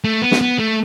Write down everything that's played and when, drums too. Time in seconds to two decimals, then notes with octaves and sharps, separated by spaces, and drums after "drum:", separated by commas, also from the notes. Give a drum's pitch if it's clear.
0.04 A3
0.22 B3
0.31 drum: snare
0.41 B3
0.59 A3